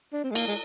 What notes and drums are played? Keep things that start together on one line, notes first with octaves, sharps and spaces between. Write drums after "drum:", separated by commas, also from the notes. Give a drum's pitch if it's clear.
D4
C4
G#3
A#3, drum: cymbal
G#3